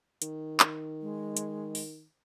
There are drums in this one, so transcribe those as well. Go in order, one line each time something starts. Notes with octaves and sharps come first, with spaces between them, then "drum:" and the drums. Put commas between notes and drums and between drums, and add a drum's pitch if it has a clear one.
D#3, drum: hi-hat
drum: clap
G#3
drum: hi-hat
drum: open hi-hat